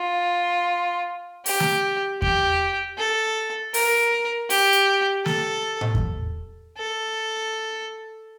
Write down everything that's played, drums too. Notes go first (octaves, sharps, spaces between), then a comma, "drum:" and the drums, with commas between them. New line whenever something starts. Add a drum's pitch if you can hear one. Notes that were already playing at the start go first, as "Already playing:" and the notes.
Already playing: F4
G4, drum: open hi-hat
drum: snare
G4, drum: kick E2
A4
A#4, drum: open hi-hat
G4, drum: open hi-hat
drum: hi-hat
A4, drum: snare
drum: tom A2
drum: kick E2
A4